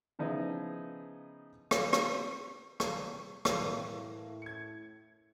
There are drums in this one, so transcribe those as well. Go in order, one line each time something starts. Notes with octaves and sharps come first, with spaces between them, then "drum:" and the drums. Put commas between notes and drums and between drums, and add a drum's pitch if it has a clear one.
C#3 F3 B3 D#4 E4 G#4
drum: rim click
drum: rim click
drum: rim click
drum: rim click
A2 E3 A#3
G#6 C#7